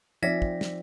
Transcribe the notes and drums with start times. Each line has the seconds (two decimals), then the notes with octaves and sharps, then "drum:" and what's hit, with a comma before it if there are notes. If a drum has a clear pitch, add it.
0.23 F3 C4 D#4 D5 E5 A#6 B6
0.42 drum: kick
0.61 drum: snare